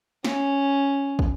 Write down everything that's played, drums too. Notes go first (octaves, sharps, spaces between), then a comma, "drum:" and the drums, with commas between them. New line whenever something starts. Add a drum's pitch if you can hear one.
C#4, drum: snare
drum: kick